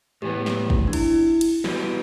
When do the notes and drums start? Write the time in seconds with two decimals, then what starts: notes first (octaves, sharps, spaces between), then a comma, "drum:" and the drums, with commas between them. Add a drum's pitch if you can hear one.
0.22 A2 E3 B3 G4
0.46 drum: snare
0.70 drum: kick
0.87 D4
0.93 E4, drum: cymbal
1.41 drum: cymbal
1.64 E3 G3 B3 E4 F#4 G4, drum: snare